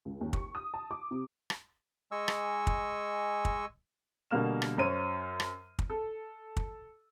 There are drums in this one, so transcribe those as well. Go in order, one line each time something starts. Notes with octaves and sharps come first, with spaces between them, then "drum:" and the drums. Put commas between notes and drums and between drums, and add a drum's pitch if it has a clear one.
C#2
D#2
C#6, drum: kick
D#6
A5
D6
C3
drum: rim click
G#3 D#5 G#5 C#6 E6
drum: rim click
drum: kick
drum: kick
B2 D3 G3 A#3 F6 E7
drum: rim click
F#2 C5 C#5 D#7
drum: rim click
drum: kick
A4
drum: kick